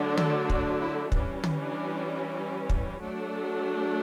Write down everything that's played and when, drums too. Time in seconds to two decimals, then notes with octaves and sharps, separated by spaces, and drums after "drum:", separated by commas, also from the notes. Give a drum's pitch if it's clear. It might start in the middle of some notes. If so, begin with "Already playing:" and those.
Already playing: D3 F#3 A3 D4
0.17 A4, drum: tom
0.50 F#4, drum: kick
0.81 E4
1.12 E3 G3 C#4 D4, drum: kick
1.44 drum: tom
1.59 D4
2.70 drum: kick
3.01 F#3 A3 D4